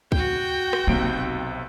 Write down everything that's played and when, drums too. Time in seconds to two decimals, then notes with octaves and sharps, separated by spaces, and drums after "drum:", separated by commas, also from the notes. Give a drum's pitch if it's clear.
0.12 F#4 G5, drum: kick
0.73 drum: rim click
0.87 B1 C3 A#3 D7